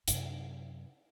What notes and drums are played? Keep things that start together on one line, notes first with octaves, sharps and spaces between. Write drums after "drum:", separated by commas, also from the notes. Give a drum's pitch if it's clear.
F#2 C3, drum: hi-hat